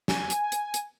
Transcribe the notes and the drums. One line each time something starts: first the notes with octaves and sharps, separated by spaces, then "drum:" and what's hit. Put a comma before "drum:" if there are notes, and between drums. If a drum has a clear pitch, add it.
G#5, drum: snare
drum: hi-hat
drum: hi-hat
drum: hi-hat